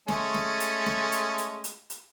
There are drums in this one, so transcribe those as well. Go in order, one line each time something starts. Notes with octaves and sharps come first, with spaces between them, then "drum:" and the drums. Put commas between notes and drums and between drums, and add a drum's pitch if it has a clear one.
G#3 A3 C#4, drum: snare
drum: snare
drum: hi-hat
drum: snare
drum: hi-hat
drum: hi-hat
drum: hi-hat
drum: hi-hat